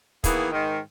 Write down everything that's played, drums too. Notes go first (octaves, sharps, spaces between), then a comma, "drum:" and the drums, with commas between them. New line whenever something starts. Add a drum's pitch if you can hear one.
D#3 E3 A#3 B3 G#4, drum: kick, hi-hat
G#2 D#3